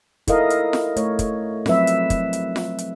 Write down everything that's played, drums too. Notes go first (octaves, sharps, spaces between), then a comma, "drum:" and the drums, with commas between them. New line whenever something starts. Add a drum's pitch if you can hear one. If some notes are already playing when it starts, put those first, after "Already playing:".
E4 A4 A#4 D#5 F5, drum: kick, hi-hat
drum: hi-hat
drum: snare F4
A3 C#5, drum: hi-hat
drum: kick, hi-hat
F3 F#3 C4 B4 E5, drum: snare F4
drum: hi-hat
drum: kick, hi-hat
drum: hi-hat
drum: snare F4
drum: hi-hat